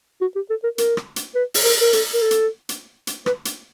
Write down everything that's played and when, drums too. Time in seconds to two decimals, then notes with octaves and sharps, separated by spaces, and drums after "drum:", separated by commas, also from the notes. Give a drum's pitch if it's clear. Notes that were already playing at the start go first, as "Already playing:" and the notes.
0.21 F#4
0.35 G4
0.50 A4
0.64 A#4
0.78 A#4, drum: hi-hat
0.97 drum: rim click
1.16 drum: hi-hat
1.35 B4
1.54 drum: open hi-hat
1.64 A#4
1.81 A#4
1.93 A4, drum: hi-hat
2.14 A#4
2.22 A4
2.31 drum: hi-hat
2.69 drum: hi-hat
3.07 drum: hi-hat
3.26 B4, drum: rim click
3.45 drum: hi-hat